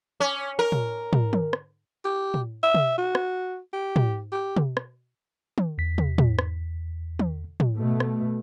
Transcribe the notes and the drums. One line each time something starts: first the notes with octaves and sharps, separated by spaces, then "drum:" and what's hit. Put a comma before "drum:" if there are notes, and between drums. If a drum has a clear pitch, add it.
C#4
A#4
drum: tom
drum: tom
drum: tom
drum: rim click
G4
drum: tom
E5
drum: tom
F#4
drum: rim click
G4
drum: tom
G4
drum: tom
drum: rim click
drum: tom
E2 B6
drum: tom
drum: tom
drum: rim click
drum: tom
drum: tom
B2 A3
drum: rim click